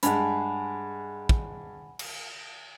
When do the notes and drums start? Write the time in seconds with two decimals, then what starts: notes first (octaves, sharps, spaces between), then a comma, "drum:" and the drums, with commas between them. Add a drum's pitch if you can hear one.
0.03 G2 G#3 F#5 G#5 B5, drum: hi-hat
1.29 drum: kick
1.99 drum: cymbal